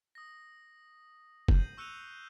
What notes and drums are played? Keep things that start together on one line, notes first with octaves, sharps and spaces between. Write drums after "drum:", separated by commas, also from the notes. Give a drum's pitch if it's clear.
D#6 A#6
G6 C7 D#7 F#7, drum: kick F#1
C#6 E6 F#6 C#7 D#7 F7